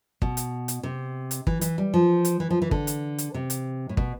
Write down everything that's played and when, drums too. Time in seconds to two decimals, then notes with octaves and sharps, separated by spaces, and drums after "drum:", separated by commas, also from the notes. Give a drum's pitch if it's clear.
0.22 B2, drum: kick
0.37 drum: hi-hat
0.68 drum: hi-hat
0.83 C3
1.31 drum: hi-hat
1.47 E3, drum: kick
1.61 E3, drum: hi-hat
1.78 G3
1.94 F3
2.25 drum: hi-hat
2.40 E3
2.51 F3
2.62 E3
2.71 D3, drum: kick
2.87 drum: hi-hat
3.18 drum: hi-hat
3.34 C3
3.50 drum: hi-hat
3.89 A2
3.97 B2, drum: kick